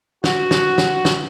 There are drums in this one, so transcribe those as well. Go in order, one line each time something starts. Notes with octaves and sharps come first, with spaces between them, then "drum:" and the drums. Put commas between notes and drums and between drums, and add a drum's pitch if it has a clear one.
F#4, drum: snare
drum: snare
drum: snare
drum: snare